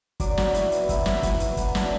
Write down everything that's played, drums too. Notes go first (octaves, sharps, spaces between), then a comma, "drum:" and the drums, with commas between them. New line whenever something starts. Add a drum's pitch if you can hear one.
F#3 D5, drum: kick, hi-hat
F#3, drum: snare
E4, drum: hi-hat
B3, drum: hi-hat
F#3 E5, drum: kick, hi-hat
F#3, drum: snare
E4 F#5, drum: kick, hi-hat
B3, drum: hi-hat
F#3 F#5, drum: kick, hi-hat
D4, drum: snare